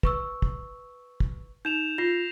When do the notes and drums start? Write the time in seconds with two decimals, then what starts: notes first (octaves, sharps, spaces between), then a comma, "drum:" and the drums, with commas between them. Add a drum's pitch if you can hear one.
0.03 B4 C#6 E6, drum: kick
0.42 drum: kick
1.20 drum: kick
1.65 D#4 G6 E7 F7
1.98 F4 A#6 C7